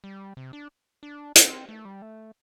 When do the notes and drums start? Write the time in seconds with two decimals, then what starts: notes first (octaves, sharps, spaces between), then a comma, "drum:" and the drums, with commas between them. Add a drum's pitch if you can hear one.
0.04 G3
0.37 C3
0.53 D4
1.03 D4
1.35 C4, drum: hi-hat
1.69 A3
1.85 G3
2.02 A3